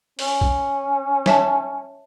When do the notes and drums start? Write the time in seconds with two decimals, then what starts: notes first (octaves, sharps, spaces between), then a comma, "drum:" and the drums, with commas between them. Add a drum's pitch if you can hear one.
0.19 C#4, drum: open hi-hat
0.41 drum: kick
1.26 C#5 E5 A5, drum: snare